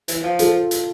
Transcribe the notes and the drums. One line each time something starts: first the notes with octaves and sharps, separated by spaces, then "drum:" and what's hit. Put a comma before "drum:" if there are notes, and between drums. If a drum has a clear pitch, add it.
E3, drum: hi-hat
F3
F4 A4, drum: hi-hat
drum: hi-hat